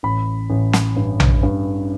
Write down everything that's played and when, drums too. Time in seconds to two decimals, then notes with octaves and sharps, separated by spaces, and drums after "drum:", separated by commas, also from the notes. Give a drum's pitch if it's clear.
0.03 A1 B5
0.50 A1
0.73 drum: snare
0.96 G2
1.20 drum: tom A#1
1.43 G2